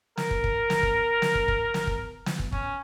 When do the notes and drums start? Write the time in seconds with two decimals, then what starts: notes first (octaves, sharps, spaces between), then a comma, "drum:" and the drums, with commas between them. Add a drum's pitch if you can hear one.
0.17 A#4, drum: snare
0.31 drum: kick
0.44 drum: kick
0.70 drum: snare
0.83 drum: kick
1.22 drum: snare
1.35 drum: kick
1.48 drum: kick
1.74 drum: snare
1.87 drum: kick
2.26 drum: snare
2.39 drum: kick
2.52 C#4, drum: kick